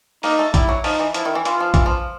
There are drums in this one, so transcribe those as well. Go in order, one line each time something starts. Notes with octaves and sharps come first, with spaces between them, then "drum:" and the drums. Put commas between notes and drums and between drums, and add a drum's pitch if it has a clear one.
A#3 D#4, drum: open hi-hat
A3
G3 E4, drum: kick A#1, hi-hat
F#3
F3 D#4, drum: open hi-hat
E3
F3 E4, drum: hi-hat
D#3
E3
E3 F4, drum: hi-hat
F3
E3, drum: kick A#1, hi-hat
F3